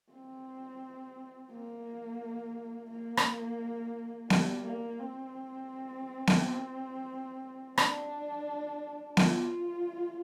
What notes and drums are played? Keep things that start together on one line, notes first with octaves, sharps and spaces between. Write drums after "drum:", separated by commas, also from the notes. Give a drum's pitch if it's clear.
C4
A#3
A#3
drum: rim click
G3, drum: snare B3
A#3
C4
drum: snare B3
D4, drum: rim click
F4, drum: snare B3